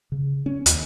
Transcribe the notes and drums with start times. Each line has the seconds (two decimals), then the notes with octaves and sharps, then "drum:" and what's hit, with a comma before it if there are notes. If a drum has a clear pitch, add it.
0.12 C#3
0.46 C#4
0.66 D#2, drum: hi-hat